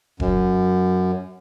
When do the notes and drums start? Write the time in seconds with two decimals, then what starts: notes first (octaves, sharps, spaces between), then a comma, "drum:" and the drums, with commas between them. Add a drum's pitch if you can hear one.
0.20 F#2, drum: kick E1